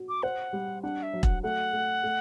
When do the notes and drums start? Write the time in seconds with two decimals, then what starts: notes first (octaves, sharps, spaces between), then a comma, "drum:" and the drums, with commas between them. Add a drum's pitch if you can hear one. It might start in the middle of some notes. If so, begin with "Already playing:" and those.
Already playing: F#4
0.09 D6
0.23 C5 F#5
0.53 G3
0.83 D4 F#5
1.03 E5
1.13 F#3
1.23 F#5, drum: kick E1
1.43 A3 F#5
1.73 A3
2.03 A3